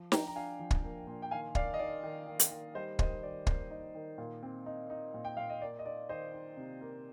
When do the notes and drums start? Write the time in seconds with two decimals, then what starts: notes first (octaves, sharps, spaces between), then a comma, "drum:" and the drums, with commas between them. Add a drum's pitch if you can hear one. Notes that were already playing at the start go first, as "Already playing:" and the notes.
Already playing: F3
0.12 D4 G5 A#5, drum: snare
0.27 A#5
0.35 D4 F5 G#5
0.60 F3
0.71 drum: kick
0.84 A#3
1.07 A#2
1.22 G5
1.31 D#3 F5 G#5
1.55 D#3 D5 F5, drum: kick
1.74 D#5
1.79 D#3 D5
2.03 D#3
2.27 D#3
2.39 drum: hi-hat
2.51 D#3
2.75 G3 C5 D#5
2.99 D#3 C5 D#5, drum: kick
3.23 D#3 D5
3.47 A#3 C5, drum: kick
3.71 D#4
3.95 D#3
4.18 A#2
4.43 C4
4.66 D#4
4.90 D#4
5.14 A#2
5.25 G5
5.37 A#2 F5
5.50 D#5
5.62 A#3 D5
5.79 D#5
5.86 D#4 D5
6.09 D#3 C5 D#5
6.33 D#4
6.57 C3
6.81 A#3